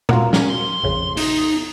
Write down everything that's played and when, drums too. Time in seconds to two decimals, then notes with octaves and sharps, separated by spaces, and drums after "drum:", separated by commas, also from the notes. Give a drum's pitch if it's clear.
0.09 F4 F#4 A#4, drum: tom A#2
0.33 C#4, drum: snare
0.50 C6
0.83 A#1 F2 C#3
1.17 D#4, drum: open hi-hat